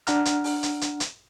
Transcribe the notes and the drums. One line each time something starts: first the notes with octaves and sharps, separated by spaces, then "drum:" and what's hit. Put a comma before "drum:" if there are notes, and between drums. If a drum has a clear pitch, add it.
D4 F#5 A#5 F6, drum: hi-hat
drum: hi-hat
drum: open hi-hat
drum: hi-hat
drum: hi-hat
drum: hi-hat